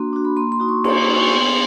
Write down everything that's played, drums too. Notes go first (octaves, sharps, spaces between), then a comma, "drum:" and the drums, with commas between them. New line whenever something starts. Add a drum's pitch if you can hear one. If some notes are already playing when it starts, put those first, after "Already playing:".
Already playing: A#3 D4 F#4 C6
D4 F#4
B5
A#3 C6
C6
D#4 F#4
C#6
A#3 C6, drum: cymbal
D#4 F#4
C#6
B3 C6